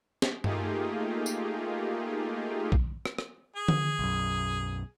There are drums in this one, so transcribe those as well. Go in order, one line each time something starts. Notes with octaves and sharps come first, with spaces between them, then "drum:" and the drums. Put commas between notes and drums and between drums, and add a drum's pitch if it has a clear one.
drum: snare
A3 A#3 D#4 F4 G4 G#4, drum: tom G2
drum: tambourine
drum: kick B1
drum: rim click
drum: rim click
G#4
drum: tom D3
B1 F#2